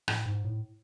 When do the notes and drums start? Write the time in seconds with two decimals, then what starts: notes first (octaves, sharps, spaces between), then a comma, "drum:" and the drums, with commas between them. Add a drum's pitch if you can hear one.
0.08 A2, drum: rim click
0.26 G#2
0.44 A2